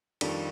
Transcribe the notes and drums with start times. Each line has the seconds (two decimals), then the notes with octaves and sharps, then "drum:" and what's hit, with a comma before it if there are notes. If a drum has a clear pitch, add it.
0.21 F2 D#3 G3 D4 F4, drum: cymbal